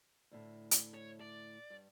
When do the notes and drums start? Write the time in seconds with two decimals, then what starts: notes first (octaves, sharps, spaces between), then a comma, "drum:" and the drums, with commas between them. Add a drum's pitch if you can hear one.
0.31 D2 A2
0.71 drum: hi-hat
0.94 C#5
1.20 D5
1.70 G2